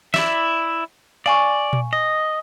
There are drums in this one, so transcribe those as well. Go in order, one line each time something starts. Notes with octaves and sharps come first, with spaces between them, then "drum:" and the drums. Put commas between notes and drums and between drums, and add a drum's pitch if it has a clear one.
E4 D5 E5, drum: snare
D5 F5 G#5 C#6
drum: tom A#2
D#5